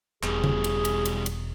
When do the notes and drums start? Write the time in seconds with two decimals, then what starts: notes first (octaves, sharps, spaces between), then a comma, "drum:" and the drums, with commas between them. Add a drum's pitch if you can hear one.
0.23 E1 B2 G3 G#4, drum: clap
0.44 drum: tom C#3
0.64 drum: cymbal
0.85 drum: cymbal
1.05 drum: cymbal
1.26 drum: cymbal